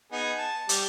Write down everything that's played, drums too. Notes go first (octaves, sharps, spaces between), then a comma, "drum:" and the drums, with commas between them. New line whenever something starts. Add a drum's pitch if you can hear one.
B3 D#4 G#4
A5
G3 G4, drum: hi-hat